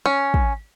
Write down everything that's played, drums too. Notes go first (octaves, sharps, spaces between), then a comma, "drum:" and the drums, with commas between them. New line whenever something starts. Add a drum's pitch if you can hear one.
C#4
drum: kick